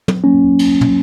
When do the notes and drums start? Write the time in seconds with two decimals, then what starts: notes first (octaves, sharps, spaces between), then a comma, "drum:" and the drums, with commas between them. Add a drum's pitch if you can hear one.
0.08 drum: tom
0.24 F#3 A#3 C#4
0.59 drum: cymbal
0.81 drum: tom